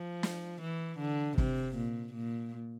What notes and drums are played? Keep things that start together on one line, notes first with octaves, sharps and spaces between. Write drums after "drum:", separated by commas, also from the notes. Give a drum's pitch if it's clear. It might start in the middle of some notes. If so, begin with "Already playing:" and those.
Already playing: F3
drum: snare
E3
D3
C3, drum: kick F#1
A#2
A#2